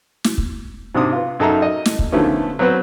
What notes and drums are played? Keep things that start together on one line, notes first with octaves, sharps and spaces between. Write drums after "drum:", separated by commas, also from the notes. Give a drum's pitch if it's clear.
drum: snare
drum: kick
G#2 C3 D4 D#6
F4 B4
F#2 D#4 A4 E5 A#5
D#5
drum: snare
drum: kick
D3 D#3 F3 A3 B3 C#4
F#3 B3 C4 F#4 B4